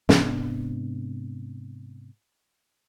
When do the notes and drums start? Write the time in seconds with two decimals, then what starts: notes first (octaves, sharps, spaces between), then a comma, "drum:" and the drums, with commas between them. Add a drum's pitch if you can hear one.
0.09 G#2 C3 B3 D4, drum: snare